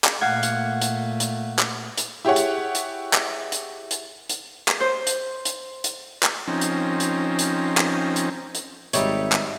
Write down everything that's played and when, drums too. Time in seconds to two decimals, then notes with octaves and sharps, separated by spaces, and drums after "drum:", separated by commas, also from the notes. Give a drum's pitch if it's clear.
0.04 drum: clap
0.21 A#2 A3 F5 F#5 G#6
0.43 drum: hi-hat
0.82 drum: hi-hat
1.20 drum: hi-hat
1.59 drum: clap
1.97 drum: hi-hat
2.25 E4 G4 G#4 C#5 F#5
2.36 drum: hi-hat
2.75 drum: hi-hat
3.13 drum: clap
3.52 drum: hi-hat
3.91 drum: hi-hat
4.29 drum: hi-hat
4.68 drum: clap
4.80 C5
5.07 drum: hi-hat
5.45 drum: hi-hat
5.84 drum: hi-hat
6.23 drum: clap
6.48 F3 C4 C#4 D#4
6.61 drum: hi-hat
7.00 drum: hi-hat
7.39 drum: hi-hat
7.77 drum: clap
8.16 drum: hi-hat
8.55 drum: hi-hat
8.93 G#1 G3 D#4 C#5 E5, drum: hi-hat
9.32 drum: clap